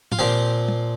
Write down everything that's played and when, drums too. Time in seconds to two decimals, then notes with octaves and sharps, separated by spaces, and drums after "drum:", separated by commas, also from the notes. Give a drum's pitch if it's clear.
0.12 F4, drum: tom G#2
0.19 A#2 F3 C4 G4
0.68 drum: tom